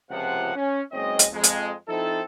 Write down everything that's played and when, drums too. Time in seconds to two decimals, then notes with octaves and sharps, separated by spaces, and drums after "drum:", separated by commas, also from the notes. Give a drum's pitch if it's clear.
0.10 C#2 C3 F3 F#5
0.56 C#4
0.93 F#1 G#3 C4 C#5 D#5
1.19 drum: hi-hat
1.32 F2 G#3
1.43 drum: hi-hat
1.89 F3 C4 D#4 E4 A4